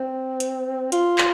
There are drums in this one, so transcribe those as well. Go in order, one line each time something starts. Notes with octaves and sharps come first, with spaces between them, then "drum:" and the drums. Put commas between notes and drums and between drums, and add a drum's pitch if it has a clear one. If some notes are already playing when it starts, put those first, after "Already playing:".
Already playing: C4
drum: hi-hat
F4, drum: hi-hat
drum: clap